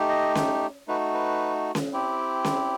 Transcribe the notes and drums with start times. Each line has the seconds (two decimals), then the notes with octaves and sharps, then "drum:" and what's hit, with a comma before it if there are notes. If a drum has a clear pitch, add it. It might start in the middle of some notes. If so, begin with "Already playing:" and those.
Already playing: A3 D#4 G4
0.09 D#5
0.35 drum: snare C#4
0.88 A3 D#4 F#4 B4
1.14 B4
1.75 drum: snare C#4
1.92 C4 E4 G4
2.45 drum: snare C#4